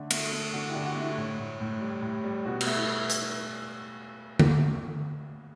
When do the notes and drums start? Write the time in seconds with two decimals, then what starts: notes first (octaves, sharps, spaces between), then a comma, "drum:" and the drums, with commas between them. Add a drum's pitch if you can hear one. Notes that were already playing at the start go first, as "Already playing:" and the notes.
Already playing: D3 A3
0.11 A3, drum: cymbal
0.32 A3
0.53 D3 F#4
0.70 E4 G4
0.75 D3
0.85 F#4
0.96 A3
1.01 E4
1.17 A2
1.39 A2
1.61 A2
1.81 G3
2.02 A2
2.24 G3
2.45 B2 F#4
2.61 F#4, drum: cymbal
2.67 A3
2.77 E4
3.10 drum: hi-hat
4.39 drum: tom